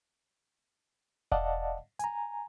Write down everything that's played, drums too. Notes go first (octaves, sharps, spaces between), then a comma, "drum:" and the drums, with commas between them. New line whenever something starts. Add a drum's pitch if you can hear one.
D5 D#5 F5 F#5 A5, drum: kick E1
G#5 A#5, drum: hi-hat